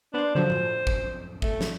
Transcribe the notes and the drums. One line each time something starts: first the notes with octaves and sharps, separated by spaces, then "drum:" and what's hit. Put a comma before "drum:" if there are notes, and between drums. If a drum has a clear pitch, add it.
B3 D4 C5
D3 F3 F#3 C5
drum: tom A2
drum: kick
A3, drum: kick
drum: snare